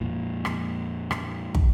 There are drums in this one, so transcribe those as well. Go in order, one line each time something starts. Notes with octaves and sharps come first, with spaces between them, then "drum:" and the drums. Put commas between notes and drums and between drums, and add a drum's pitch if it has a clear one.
F2 A#2
drum: rim click
drum: rim click
drum: kick